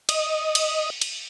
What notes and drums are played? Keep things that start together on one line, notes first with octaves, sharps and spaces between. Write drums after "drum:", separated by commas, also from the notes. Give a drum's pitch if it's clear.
D#5, drum: cymbal
drum: cymbal
drum: cymbal